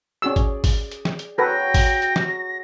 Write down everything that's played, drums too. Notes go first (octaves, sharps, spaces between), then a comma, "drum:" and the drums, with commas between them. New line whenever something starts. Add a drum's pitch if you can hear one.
C#4 F#4 G#4 D5 E6
drum: kick, hi-hat
drum: kick, open hi-hat
drum: hi-hat
drum: snare
drum: hi-hat
F#3 C#4 A4 B4 G5 A#6
drum: kick, open hi-hat
drum: hi-hat
drum: snare